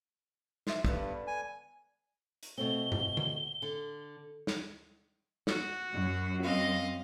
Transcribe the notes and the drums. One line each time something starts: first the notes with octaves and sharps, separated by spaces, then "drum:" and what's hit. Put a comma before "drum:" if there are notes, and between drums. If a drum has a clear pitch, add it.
C5 E5, drum: snare
G2 D3 A#3 B3, drum: kick
G#5
drum: hi-hat
B2 A3 C4 G7
drum: tom G2
drum: tom
D3
drum: snare
F#4, drum: snare
F#2
C4 D#5 F5